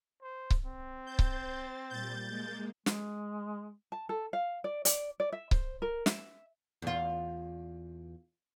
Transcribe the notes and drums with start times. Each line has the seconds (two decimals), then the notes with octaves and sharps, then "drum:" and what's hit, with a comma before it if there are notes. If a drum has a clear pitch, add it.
0.22 C5
0.50 drum: kick C#1
0.66 C4
1.06 C5 G6 A6
1.19 drum: kick C#1
1.90 A#2 G3 G6 A6
2.28 G#3 A#3
2.86 G#3, drum: snare
3.92 A5
4.09 A4
4.33 F5
4.64 D5
4.85 D5, drum: hi-hat
5.20 D5
5.32 E5
5.51 C5, drum: kick C#1
5.82 A#4
6.06 E5, drum: snare
6.82 E2 F4